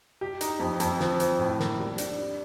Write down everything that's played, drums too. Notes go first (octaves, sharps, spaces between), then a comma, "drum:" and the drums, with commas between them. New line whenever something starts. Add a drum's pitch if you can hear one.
G4
D#4, drum: hi-hat
F2
F2, drum: hi-hat
F3, drum: snare
F3, drum: hi-hat
A2
A#3, drum: snare
G3
D4, drum: hi-hat
D4